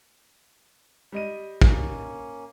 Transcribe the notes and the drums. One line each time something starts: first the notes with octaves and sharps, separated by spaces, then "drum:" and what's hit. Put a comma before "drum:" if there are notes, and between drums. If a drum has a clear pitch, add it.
G3 D#5 D#7
A#3 C#4, drum: kick